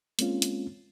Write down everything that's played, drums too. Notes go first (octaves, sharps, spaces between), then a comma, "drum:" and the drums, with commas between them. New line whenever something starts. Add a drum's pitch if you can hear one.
G#3 A#3 C4 C#4 F4, drum: hi-hat
drum: hi-hat